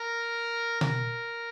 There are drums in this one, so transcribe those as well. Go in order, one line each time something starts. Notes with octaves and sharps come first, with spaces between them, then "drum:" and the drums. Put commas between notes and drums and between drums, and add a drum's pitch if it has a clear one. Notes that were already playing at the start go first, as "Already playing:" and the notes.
Already playing: A#4
A#4, drum: tom B2